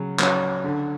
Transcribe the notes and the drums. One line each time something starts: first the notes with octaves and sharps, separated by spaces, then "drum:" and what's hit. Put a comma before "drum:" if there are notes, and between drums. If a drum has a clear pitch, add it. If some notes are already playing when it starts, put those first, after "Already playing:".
Already playing: C#3 F#3
F#3 C#4, drum: clap
D3